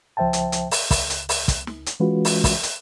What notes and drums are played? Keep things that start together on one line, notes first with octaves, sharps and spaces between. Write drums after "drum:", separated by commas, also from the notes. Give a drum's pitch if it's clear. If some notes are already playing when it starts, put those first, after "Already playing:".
C#2 F3 C5 E5 G5 A5
drum: hi-hat
drum: hi-hat
drum: open hi-hat
C#2, drum: kick, open hi-hat
drum: hi-hat
drum: open hi-hat
drum: kick, hi-hat
drum: snare
drum: hi-hat
E3 G#3 C#4 F4 F#4 B4
drum: open hi-hat
drum: kick, open hi-hat
drum: hi-hat